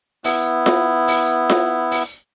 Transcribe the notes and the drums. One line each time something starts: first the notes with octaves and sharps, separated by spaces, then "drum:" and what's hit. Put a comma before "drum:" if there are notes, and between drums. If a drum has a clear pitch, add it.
B3 E4, drum: open hi-hat
drum: snare F4
drum: open hi-hat
drum: snare F4
drum: open hi-hat